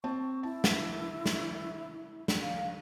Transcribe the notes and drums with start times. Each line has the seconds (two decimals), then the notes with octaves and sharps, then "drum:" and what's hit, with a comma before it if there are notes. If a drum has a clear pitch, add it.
0.04 C4 A5 C#6
0.43 E4 A5
0.64 drum: snare
1.26 drum: snare
2.28 drum: snare
2.41 F5